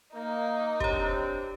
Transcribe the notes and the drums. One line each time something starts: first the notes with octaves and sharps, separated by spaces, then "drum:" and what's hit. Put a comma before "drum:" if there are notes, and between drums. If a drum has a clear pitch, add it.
A#3 D#4
C4 D4 G4 C#5, drum: kick